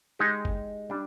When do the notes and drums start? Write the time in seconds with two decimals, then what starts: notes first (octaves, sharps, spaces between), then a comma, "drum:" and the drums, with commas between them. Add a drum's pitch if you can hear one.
0.19 G#3 D#4 G4
0.45 drum: kick
0.90 G3 D4